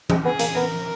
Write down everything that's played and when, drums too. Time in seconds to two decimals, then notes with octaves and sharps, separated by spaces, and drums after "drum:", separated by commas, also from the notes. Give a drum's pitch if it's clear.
0.10 G#3, drum: tom E3
0.25 B3 G#4
0.39 A#3, drum: hi-hat
0.55 B3 A#4